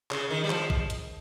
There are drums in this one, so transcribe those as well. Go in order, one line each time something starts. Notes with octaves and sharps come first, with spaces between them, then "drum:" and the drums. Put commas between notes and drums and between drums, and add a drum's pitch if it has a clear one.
C#3, drum: clap
D#3
G3
F3, drum: clap
drum: kick A1
drum: hi-hat